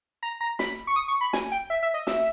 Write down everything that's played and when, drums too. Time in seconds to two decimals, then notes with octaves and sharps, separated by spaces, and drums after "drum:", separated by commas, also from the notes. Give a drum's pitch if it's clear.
0.23 A#5
0.41 A#5
0.59 B5, drum: snare
0.87 C#6
0.96 D#6
1.08 C#6
1.21 B5
1.33 G#5, drum: snare
1.52 G5
1.70 E5
1.83 E5
1.94 D#5
2.07 E5, drum: snare